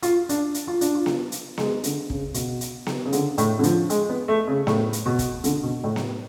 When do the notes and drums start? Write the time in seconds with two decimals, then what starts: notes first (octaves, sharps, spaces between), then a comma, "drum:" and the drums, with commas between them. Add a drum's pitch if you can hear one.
0.02 F4, drum: hi-hat
0.29 D4, drum: hi-hat
0.54 drum: hi-hat
0.67 F4
0.81 D4, drum: hi-hat
0.95 F4
1.06 drum: snare B3
1.32 drum: hi-hat
1.58 G#3, drum: snare B3
1.84 D3, drum: hi-hat
2.10 C#3, drum: kick
2.34 B2, drum: hi-hat
2.61 drum: hi-hat
2.87 drum: snare B3
3.05 C#3
3.12 D3, drum: hi-hat
3.38 A2, drum: hi-hat
3.59 D3
3.63 F3, drum: hi-hat
3.90 G#3, drum: hi-hat
4.09 B3
4.28 A3
4.48 C#3
4.67 A2, drum: snare B3
4.93 drum: hi-hat
5.06 B2
5.19 drum: kick, hi-hat
5.44 D3, drum: hi-hat
5.63 B2
5.84 A2
5.96 drum: snare B3